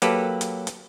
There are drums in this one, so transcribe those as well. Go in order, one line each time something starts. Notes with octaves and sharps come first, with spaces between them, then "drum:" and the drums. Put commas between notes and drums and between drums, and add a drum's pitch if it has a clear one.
F#3 A#3 G4 A4 B4, drum: hi-hat
drum: hi-hat
drum: hi-hat